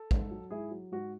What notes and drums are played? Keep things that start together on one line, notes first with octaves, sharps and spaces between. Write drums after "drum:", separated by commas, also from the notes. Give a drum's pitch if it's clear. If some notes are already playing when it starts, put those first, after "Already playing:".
Already playing: A4
G#2, drum: kick A1
F#3
G#2 E4 G#4
F#3
G#2 F#4